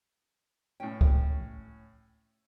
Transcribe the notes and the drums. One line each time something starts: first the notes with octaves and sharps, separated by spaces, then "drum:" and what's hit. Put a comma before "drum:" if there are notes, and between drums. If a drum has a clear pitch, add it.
A2 C#4 G5
drum: kick